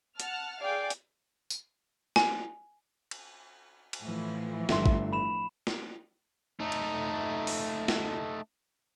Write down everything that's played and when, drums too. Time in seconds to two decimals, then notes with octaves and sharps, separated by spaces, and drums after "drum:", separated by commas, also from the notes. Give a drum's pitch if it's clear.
0.20 F#5 A5 F6, drum: hi-hat
0.61 G#4 D5 F5 G5
0.90 drum: hi-hat
1.50 drum: tambourine
2.16 G#5, drum: snare
3.11 drum: cymbal
3.93 drum: cymbal
4.02 A2 E3 F3
4.69 G1 E5 C6, drum: snare
4.86 drum: kick
5.13 B5 E7
5.67 drum: snare
6.60 A3 D#4
6.72 drum: cymbal
7.47 drum: open hi-hat
7.88 drum: snare